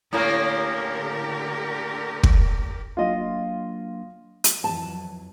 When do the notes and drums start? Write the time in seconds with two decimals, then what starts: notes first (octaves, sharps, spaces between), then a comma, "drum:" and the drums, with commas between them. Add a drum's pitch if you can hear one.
0.13 A2 D3 A#3 C#4 G4 A#4
2.23 drum: kick
2.97 F#3 A#3 D4 F4 D#5
4.44 drum: hi-hat
4.64 F2 E3 F#3 A5